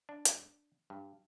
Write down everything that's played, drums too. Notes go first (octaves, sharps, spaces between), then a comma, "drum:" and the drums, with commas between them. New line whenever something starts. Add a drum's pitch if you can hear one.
D4
drum: hi-hat
G2